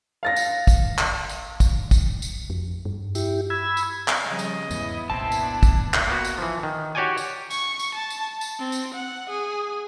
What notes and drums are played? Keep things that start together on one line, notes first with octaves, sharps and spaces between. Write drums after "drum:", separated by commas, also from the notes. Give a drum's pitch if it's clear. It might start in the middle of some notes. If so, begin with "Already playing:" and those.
F5 A6 A#6
drum: tambourine
drum: kick, tambourine
drum: clap
drum: tambourine
drum: kick, tambourine
drum: kick, tambourine
drum: tambourine
F2
G2
E4 G4, drum: tambourine
B5 E6 G#6
drum: tambourine
drum: clap
C#3 F3 G3 D#5
drum: tambourine
E2 G#2 B3 E4, drum: tambourine
F#1 C2 A#2 C4 A5
drum: tambourine
D4
drum: kick, tambourine
drum: clap
A#3 B3 F#4
drum: tambourine
E3 F3
D#3
F#4 G4 C#5 D5 G5 G#5
drum: tambourine
C#6, drum: tambourine
drum: tambourine
A5
drum: tambourine
drum: tambourine
C4
drum: tambourine
F#5
G#4